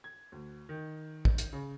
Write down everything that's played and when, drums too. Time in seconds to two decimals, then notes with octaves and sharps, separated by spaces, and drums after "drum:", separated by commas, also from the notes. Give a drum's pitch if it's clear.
0.04 G#6
0.32 D2
0.69 D#3
1.25 drum: kick
1.38 drum: hi-hat
1.53 C#3